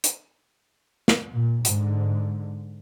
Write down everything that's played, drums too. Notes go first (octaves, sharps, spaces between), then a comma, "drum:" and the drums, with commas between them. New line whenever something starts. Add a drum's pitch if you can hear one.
drum: hi-hat
drum: snare
A#2
G#2 D3, drum: hi-hat